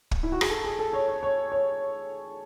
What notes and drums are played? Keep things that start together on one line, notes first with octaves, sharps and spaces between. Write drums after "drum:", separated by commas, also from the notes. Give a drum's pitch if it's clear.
drum: kick
E4
F#4
G#4, drum: rim click
A4
G#4
A4
C#5
C#5
C#5
C#5